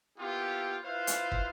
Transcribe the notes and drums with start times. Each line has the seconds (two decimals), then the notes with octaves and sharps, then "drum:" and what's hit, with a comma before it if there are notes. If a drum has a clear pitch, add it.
0.18 A#3 B3 E4 F4 G4
0.83 E4 F4 B4 C5 E5 F5
1.07 drum: hi-hat
1.32 drum: kick